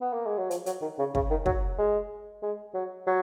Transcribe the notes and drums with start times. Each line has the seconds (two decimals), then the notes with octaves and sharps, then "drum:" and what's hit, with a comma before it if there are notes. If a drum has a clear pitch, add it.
0.01 B3
0.13 A#3
0.26 G#3
0.38 F#3
0.51 F3, drum: hi-hat
0.66 F#3, drum: hi-hat
0.82 D#3
0.99 C#3
1.15 C#3, drum: kick
1.30 D#3
1.46 F#3, drum: kick
1.78 G#3
2.42 G#3
2.74 F#3
3.07 F#3